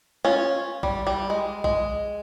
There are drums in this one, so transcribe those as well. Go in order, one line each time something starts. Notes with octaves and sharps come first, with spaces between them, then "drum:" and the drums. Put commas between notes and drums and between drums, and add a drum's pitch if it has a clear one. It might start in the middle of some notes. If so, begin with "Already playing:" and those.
C#4 F4
G3, drum: kick A#1
G3
G#3
G#3, drum: kick A#1